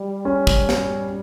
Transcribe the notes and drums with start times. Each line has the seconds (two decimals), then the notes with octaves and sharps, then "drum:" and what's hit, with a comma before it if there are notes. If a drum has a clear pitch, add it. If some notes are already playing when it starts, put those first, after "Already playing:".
Already playing: G3
0.25 C#4
0.47 drum: kick
0.69 drum: snare